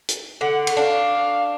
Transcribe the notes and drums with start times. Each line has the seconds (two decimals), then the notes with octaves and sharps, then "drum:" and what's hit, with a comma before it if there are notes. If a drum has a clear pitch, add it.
0.08 drum: hi-hat
0.41 D3 F#5
0.67 drum: cymbal
0.77 D4 F5